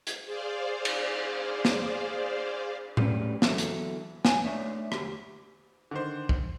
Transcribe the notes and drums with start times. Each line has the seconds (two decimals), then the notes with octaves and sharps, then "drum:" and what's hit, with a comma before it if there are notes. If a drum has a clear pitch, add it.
0.07 drum: hi-hat
0.24 G#4 C5 D5 F5
0.85 drum: cymbal
1.65 drum: snare
2.97 G3 A3 C#4 G4 B4 D5, drum: tom A2
3.42 E2 D3 F#3 A4 E5, drum: snare
3.58 drum: hi-hat
4.25 G#5, drum: snare
4.45 A3 D4 D#4 C#5 D5 E5
4.92 D2 G4, drum: rim click
5.91 D3 D#3 C5
6.29 drum: kick